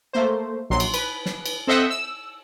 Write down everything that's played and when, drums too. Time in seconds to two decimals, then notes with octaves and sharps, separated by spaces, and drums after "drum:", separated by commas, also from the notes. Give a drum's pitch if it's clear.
0.13 A3 A#3 C5
0.70 A#1 F#3 C6
0.80 drum: cymbal
0.94 B4, drum: cymbal
1.26 drum: snare
1.46 drum: cymbal
1.67 C4 A4 C5 D#5 E5 F#5
1.90 E6